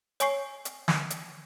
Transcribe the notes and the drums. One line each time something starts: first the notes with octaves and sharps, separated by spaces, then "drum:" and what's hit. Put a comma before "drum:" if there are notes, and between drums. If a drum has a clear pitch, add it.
C#5 G#5 C#6 C7, drum: hi-hat
drum: hi-hat
drum: snare
drum: hi-hat